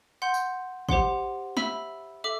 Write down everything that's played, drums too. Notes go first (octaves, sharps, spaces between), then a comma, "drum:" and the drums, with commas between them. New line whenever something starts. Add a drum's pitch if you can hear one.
F#5 C6 G6
drum: tambourine
G4 C5 F#5 C6, drum: kick
E5 B5 E6, drum: snare
A4 E5 D6